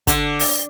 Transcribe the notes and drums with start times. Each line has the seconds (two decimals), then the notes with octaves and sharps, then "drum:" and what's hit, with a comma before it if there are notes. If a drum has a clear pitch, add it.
0.07 D3, drum: kick, hi-hat
0.39 drum: open hi-hat